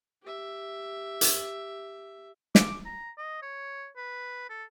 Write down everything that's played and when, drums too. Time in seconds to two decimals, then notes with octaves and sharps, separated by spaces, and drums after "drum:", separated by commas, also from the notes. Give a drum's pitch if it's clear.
0.22 G4 E5
1.21 drum: hi-hat
2.55 D6, drum: snare
2.86 A#5
3.18 D#5
3.42 C#5
3.97 B4
4.49 A4